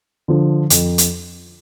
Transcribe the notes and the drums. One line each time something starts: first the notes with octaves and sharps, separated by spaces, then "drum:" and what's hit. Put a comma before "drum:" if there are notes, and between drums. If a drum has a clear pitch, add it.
D3 F3
F2, drum: hi-hat
drum: hi-hat